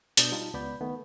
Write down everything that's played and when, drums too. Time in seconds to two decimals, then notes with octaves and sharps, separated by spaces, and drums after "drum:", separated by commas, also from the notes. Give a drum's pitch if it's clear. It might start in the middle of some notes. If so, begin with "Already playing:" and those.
0.17 B2 D4 D#6 G6, drum: hi-hat
0.32 G3 D#4 F4 A5
0.54 C#2 B3 D5 B5 G6
0.81 D#3 A3 B3